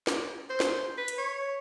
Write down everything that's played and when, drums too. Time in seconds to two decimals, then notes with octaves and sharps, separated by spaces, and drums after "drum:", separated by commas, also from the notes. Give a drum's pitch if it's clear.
0.07 drum: snare
0.49 C5
0.60 drum: snare
0.98 B4
1.08 drum: hi-hat
1.18 C#5